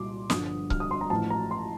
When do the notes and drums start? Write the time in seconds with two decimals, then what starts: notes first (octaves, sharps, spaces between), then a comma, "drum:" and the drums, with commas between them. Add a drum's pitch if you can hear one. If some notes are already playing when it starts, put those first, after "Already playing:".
Already playing: C2 A#2 G3 C6 D6
0.30 G1 G2 D3 F3 D#6, drum: snare
0.70 F6, drum: kick C#1
0.80 D#6
0.91 C6
1.01 A#5
1.10 A1 A2 F3 A5
1.30 A#5
1.51 C6